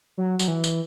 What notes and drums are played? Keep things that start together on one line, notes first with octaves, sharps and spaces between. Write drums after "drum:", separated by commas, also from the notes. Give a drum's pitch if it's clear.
F#3
F#3, drum: tambourine
E3
drum: tambourine